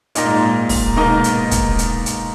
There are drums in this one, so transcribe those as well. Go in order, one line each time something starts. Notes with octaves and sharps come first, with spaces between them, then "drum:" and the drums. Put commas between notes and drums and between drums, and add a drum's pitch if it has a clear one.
A#2 A#3 D#4 A#4 D#5, drum: hi-hat
G#2
A#2
drum: kick, open hi-hat
G#2 B2 A#3 D#4 A#4 D#5
drum: hi-hat
drum: kick, hi-hat
drum: hi-hat
drum: hi-hat